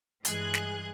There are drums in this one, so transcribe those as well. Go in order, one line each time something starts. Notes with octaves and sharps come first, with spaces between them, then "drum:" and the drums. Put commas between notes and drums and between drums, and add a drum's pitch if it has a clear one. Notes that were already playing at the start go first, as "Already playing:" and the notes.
G2 E3 G#3 G#4 F#6 G#6, drum: hi-hat
drum: snare